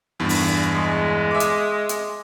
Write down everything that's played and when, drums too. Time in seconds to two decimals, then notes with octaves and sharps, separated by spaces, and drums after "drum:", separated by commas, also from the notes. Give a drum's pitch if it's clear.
0.20 E2 G2
0.29 drum: open hi-hat
0.73 G#3
1.31 E5 D6
1.40 drum: hi-hat
1.89 drum: hi-hat